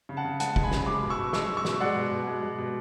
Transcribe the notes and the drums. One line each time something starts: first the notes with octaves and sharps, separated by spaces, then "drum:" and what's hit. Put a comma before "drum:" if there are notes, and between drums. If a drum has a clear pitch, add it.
C#3
F#5 A5
C#3
G#3 F#5 A5, drum: hi-hat
G#3, drum: kick
G#5 B5
C#3, drum: snare
G#3 B5 D6
B2
C#6 E6
B2
G#3 C#6 E6, drum: snare
G#3
C#6 E6
B2, drum: snare
G#3 D5 F#5
B2
B2
G#3
G#3
B2